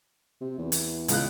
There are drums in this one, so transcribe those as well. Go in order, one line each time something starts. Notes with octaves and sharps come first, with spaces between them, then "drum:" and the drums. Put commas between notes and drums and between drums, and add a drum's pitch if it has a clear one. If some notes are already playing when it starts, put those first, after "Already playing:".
C3
E2
drum: hi-hat
C#2 F#6, drum: hi-hat